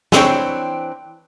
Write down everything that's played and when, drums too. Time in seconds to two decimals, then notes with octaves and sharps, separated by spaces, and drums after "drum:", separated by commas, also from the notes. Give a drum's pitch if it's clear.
0.12 E3 C4 D4 C#5 G5, drum: snare